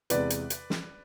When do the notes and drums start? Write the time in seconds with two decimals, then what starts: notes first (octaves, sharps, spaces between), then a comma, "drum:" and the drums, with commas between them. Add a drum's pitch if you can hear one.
0.10 E2 C3 G#3 B4 D5, drum: hi-hat
0.30 drum: hi-hat
0.50 drum: hi-hat
0.70 drum: snare